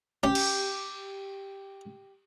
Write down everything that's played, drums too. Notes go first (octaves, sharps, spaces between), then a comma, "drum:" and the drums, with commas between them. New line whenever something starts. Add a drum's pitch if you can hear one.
C#4 G4
drum: cymbal